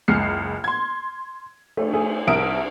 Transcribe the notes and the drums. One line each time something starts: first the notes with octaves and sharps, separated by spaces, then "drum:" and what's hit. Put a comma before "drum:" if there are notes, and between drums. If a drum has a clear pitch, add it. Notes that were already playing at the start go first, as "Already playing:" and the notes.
F#1 C#2 G#3 F6 C7 C#7
C6 G#6
A3, drum: cymbal
A3 G#4
C2 A#4 E5 D#6 D7